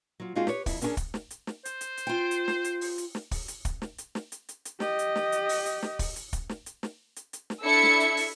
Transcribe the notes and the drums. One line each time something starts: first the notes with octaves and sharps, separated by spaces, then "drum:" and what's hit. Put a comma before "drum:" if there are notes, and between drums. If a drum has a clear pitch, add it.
F#3 F4
G#3 C4 D#4 F4 F#4 G#4
G4 B4 C#5, drum: snare
F2 E4, drum: kick, open hi-hat
B3 C#4 D4 F#4 G#4 A#4, drum: hi-hat
drum: kick, hi-hat
drum: snare
drum: hi-hat
drum: snare
C5, drum: hi-hat
drum: hi-hat
drum: hi-hat
F4 G5
drum: hi-hat
drum: snare
drum: hi-hat
drum: open hi-hat
drum: hi-hat
drum: snare
drum: kick, open hi-hat
drum: hi-hat
drum: kick, hi-hat
drum: snare
drum: hi-hat
drum: snare
drum: hi-hat
drum: hi-hat
drum: hi-hat
G4 D#5, drum: snare
drum: hi-hat
drum: snare
drum: hi-hat
drum: open hi-hat
drum: hi-hat
drum: snare
drum: kick, open hi-hat
drum: hi-hat
drum: kick, hi-hat
drum: snare
drum: hi-hat
drum: snare
drum: hi-hat
drum: hi-hat
drum: snare
D4 E4 A4 E6 G#6 C#7
drum: snare
drum: hi-hat
drum: open hi-hat